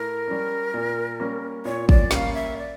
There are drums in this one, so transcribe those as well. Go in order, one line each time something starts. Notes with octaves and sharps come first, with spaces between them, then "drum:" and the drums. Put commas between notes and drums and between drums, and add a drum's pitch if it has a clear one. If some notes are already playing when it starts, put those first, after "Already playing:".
Already playing: A2 A#4
G3 C#4
A#2
G3 A#3 C#4
A#2 C#5
D5, drum: kick
G3 A#3 C#4 F5 G5, drum: snare
E5
D5